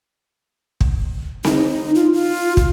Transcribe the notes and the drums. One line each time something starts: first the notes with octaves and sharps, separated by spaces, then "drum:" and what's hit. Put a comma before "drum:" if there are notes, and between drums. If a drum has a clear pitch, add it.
drum: kick
D#4, drum: snare C4
F4
F4
F4, drum: kick